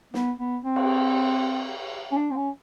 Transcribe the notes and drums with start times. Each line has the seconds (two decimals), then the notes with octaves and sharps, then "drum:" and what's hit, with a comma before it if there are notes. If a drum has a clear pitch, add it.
0.14 B3, drum: snare
0.40 B3
0.65 C4
0.76 drum: cymbal
2.12 C#4
2.17 D4
2.31 C4
2.36 C#4